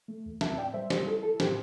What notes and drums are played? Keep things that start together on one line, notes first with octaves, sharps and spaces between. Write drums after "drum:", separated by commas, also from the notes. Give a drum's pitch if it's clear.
A3
E2
C4 E5 A5, drum: snare
A2 D5 G5
G3 C5 E5
G3 G4 C5, drum: snare
E4 A4
E4 A4
A2 G4 C5, drum: snare